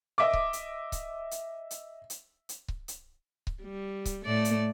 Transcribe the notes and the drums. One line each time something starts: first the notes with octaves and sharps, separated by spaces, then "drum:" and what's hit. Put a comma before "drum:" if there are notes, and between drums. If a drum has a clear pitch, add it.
D#5 E5 D6
drum: kick C#1
drum: hi-hat
drum: kick C#1, hi-hat
drum: hi-hat
drum: hi-hat
drum: hi-hat
drum: hi-hat
drum: kick C#1
drum: hi-hat
drum: kick C#1
G3
drum: kick C#1, hi-hat
A2 A3 D5
drum: hi-hat